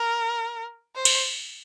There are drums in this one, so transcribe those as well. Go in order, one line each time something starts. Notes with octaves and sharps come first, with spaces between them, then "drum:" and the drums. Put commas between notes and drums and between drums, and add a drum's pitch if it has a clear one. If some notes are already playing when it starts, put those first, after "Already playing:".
Already playing: A#4
C5
drum: cymbal